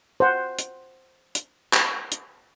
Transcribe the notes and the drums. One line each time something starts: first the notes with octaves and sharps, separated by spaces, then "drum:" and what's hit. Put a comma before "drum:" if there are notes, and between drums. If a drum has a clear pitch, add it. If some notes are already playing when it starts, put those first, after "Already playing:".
C5 F#5
drum: hi-hat
drum: hi-hat
drum: clap
drum: hi-hat